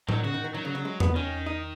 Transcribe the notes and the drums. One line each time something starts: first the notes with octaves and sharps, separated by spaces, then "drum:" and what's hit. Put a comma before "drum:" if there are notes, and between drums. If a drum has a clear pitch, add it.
D#3 F#3, drum: tom A2
C#3 F#4
D#3
D#3
D#3 F#3
C#3
C#3
G#3
B3, drum: tom E2
D#3 C#4
D#4